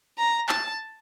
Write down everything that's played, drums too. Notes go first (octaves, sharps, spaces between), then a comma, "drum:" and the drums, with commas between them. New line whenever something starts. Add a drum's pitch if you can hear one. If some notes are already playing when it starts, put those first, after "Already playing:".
A#5
A5, drum: clap